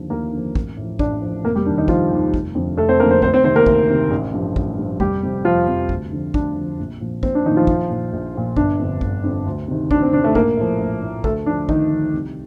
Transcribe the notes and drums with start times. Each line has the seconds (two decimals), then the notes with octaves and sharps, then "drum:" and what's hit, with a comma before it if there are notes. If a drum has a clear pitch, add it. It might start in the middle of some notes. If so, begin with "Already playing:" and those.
Already playing: D#2 D3 F3
0.10 D#2 A#3 A#4
0.32 D3 F3
0.55 A1, drum: kick
0.77 A2 F3
0.99 A1 D4 D5, drum: kick
1.22 A2 F3
1.43 F1 A#3 A#4
1.55 G3 G4
1.66 D#2 D#3 D4
1.77 D#3 D#4
1.88 F1 F3 F4, drum: kick
2.11 D#2 D#3
2.34 F1, drum: kick
2.55 F2 D3 F3
2.77 F1 A3 A4
2.89 C4 C5
2.99 F2 D3 F3 A#3 A#4
3.11 C4 C5
3.22 D2 C4 C5, drum: kick
3.34 C4 C5
3.44 C3 D#3 C4 C5
3.56 A#3 A#4
3.66 D2, drum: kick
3.89 C3 D#3
4.11 A1
4.34 G2 F3
4.56 A1, drum: kick
4.79 G2 F3
5.00 F1 G3 G4, drum: kick
5.23 F2 C3 F3
5.45 F1 F3 F4
5.68 F2 C3 F3
5.89 D2, drum: kick
6.12 D3 F3
6.34 D2 D4, drum: kick
6.57 D3 F3
6.79 A#1
7.01 A#2 F3
7.23 A#1 C4, drum: kick
7.35 D4
7.45 D#3 F3 D#4
7.49 A#2
7.56 F3 F4
7.67 A#1, drum: kick
7.90 A#2 F3
8.13 A#1
8.35 A#2 F3
8.56 G1 D4, drum: kick
8.79 F2 D3
9.01 G1, drum: kick
9.23 F2 D3
9.46 D2
9.68 C3 D#3
9.91 D2 D4, drum: kick
10.02 C4
10.13 C3 D#3 D4
10.24 A3 A4
10.35 A#1 A#3 A#4, drum: kick
10.57 A2 F3
10.80 A#1
11.02 A2 F3
11.24 D2 A3 A4, drum: kick
11.46 D3 F3 D4
11.69 D2 D#3 D#4, drum: kick
11.91 D3 F3
12.13 C2